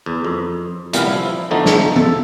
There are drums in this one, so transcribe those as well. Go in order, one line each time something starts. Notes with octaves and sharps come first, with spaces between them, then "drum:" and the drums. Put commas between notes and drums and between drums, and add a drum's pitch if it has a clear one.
E2
F2
C2 A#2 E3 G3 B3 F5, drum: hi-hat
F3 E4
E2 D3 F3 A3 D#4
drum: snare
A4, drum: tom